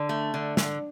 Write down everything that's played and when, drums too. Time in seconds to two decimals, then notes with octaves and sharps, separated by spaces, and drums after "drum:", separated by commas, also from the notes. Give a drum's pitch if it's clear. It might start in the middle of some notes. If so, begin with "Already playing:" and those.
Already playing: D3
0.09 A3
0.34 D3
0.57 D3, drum: snare